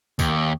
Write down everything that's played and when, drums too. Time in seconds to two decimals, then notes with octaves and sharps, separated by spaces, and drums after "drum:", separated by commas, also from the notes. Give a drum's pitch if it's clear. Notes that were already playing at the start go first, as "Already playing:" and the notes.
0.19 D#2, drum: kick, tambourine